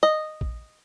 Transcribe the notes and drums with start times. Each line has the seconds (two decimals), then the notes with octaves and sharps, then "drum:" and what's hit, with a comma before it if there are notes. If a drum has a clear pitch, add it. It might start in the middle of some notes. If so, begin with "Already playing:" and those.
0.03 D#5
0.41 drum: kick